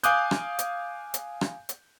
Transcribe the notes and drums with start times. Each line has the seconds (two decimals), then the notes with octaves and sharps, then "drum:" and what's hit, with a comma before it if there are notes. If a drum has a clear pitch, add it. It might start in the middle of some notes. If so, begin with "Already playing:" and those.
0.04 F5 G#5 D6 D#6 F#6 G6, drum: hi-hat
0.31 drum: rim click
0.59 drum: hi-hat
1.14 drum: hi-hat
1.41 drum: rim click
1.69 drum: hi-hat